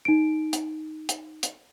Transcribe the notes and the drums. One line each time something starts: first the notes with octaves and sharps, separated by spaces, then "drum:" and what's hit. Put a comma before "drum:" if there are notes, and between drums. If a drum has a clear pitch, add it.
D#4 D7
drum: hi-hat
drum: hi-hat
drum: hi-hat